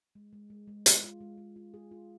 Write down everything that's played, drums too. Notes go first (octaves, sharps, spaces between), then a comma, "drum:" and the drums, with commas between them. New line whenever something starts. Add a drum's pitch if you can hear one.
G#3
G#3
G#3
G#3
G#3, drum: hi-hat
F4
G#3
G#3
F4
G#4
F4